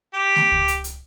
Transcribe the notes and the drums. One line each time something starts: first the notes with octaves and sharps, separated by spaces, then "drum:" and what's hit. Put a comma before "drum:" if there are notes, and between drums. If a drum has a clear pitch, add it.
G4
drum: snare A3
drum: kick C#2
drum: hi-hat
drum: hi-hat